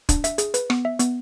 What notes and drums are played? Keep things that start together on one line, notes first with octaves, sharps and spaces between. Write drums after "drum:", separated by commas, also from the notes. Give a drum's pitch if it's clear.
D4, drum: kick, hi-hat
E5, drum: hi-hat
G#4, drum: hi-hat
B4, drum: hi-hat
B3, drum: rim click
E5
B3, drum: hi-hat